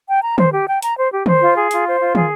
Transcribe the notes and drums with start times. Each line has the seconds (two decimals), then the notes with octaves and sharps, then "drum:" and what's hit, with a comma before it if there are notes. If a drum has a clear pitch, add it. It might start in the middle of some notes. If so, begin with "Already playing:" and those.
0.09 G5
0.23 A#5
0.38 C5, drum: tom
0.53 G4
0.67 G5
0.82 A#5, drum: hi-hat
0.97 C5
1.11 G4
1.26 C5, drum: tom
1.41 F4
1.56 G#4
1.71 F4, drum: hi-hat
1.86 C5
2.00 F4
2.15 G#4, drum: tom